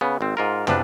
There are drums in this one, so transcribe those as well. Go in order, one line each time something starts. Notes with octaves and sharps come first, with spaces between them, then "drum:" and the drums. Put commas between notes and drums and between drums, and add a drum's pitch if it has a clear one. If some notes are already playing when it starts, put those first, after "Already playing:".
C#3 B3
G#1 C4
G#2 F4 A#4
E2 C3 F3 D4 B4, drum: tom